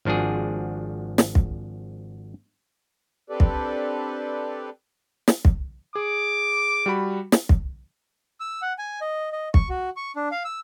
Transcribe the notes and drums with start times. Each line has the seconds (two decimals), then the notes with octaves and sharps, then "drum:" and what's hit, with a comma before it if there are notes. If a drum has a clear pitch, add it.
0.05 G#1 F3 D4 F#4 G#4
1.18 drum: snare
1.35 drum: kick
3.30 C4 D4 G4 A4 B4 D5
3.40 drum: kick
5.28 drum: snare
5.45 drum: kick
5.95 G#4 D6
6.86 G3 F#4 B5
7.32 drum: snare
7.49 drum: kick
8.40 E6
8.62 F#5
8.78 G#5
9.01 D#5
9.32 D#5
9.54 C#6, drum: kick
9.69 F#4
9.96 C#6
10.16 D4
10.31 F5
10.45 E6